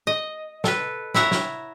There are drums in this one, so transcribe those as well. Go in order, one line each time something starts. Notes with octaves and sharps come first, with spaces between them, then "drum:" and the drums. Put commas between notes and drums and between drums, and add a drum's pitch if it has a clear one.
D#5
A4 B4, drum: snare
E4 C#5 E5 F#5 A#5, drum: snare
drum: snare